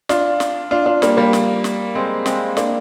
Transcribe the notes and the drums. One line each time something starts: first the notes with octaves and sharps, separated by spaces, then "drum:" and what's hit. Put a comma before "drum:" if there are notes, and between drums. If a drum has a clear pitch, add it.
D4 F4, drum: snare
drum: snare
D4 F4
D4 F4
G3 A#3, drum: snare
G3 A#3
drum: snare
drum: snare
G#3 C4
G#3 C4, drum: snare
A#3 D4, drum: snare